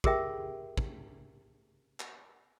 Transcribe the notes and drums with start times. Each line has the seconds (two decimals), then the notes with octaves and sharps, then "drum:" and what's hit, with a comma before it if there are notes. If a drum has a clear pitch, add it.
0.04 G4 G#4 A#4 E5 G5, drum: kick
0.77 drum: kick
2.00 drum: clap